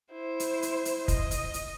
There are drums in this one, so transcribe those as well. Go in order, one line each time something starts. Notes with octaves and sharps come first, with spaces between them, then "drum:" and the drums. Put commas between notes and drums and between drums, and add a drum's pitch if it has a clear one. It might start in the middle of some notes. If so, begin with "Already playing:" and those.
E4 C5
drum: hi-hat
drum: hi-hat
drum: hi-hat
D#5, drum: kick, hi-hat
drum: hi-hat
drum: hi-hat